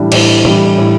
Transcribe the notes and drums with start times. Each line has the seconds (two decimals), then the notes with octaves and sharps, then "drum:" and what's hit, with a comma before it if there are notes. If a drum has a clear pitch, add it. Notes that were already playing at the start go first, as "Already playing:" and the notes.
Already playing: A2 E3 G3 D4
0.12 A2, drum: cymbal
0.45 E3 G3 D4, drum: tom
0.78 A2